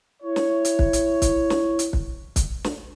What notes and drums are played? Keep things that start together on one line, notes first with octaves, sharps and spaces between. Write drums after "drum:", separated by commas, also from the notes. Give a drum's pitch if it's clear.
E4 C#5
drum: snare
drum: hi-hat
drum: kick
drum: hi-hat
drum: kick, hi-hat
drum: snare
drum: hi-hat
drum: kick
drum: kick, hi-hat
drum: snare